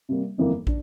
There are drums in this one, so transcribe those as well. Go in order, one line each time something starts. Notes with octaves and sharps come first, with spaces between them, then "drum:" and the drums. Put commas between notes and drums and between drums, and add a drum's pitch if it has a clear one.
C3 G3 A#3
G1 F2 E3 A#3
D4, drum: kick